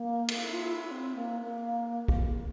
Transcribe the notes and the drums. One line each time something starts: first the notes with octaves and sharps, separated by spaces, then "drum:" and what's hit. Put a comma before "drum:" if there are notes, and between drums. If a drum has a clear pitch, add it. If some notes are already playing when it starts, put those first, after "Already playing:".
Already playing: A#3
drum: cymbal
E4
F4
E4
C4
A#3
A#3
drum: kick B1